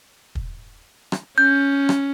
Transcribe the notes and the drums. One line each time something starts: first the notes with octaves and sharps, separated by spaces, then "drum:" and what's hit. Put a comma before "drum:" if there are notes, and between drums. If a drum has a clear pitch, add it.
drum: kick
drum: rim click
C#4 G6
drum: rim click